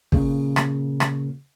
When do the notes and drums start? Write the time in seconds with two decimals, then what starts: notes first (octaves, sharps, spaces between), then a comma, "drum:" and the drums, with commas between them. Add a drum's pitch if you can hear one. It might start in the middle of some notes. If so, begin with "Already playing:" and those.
0.12 A#2 C#3 A#3, drum: kick
0.56 drum: rim click
1.00 drum: rim click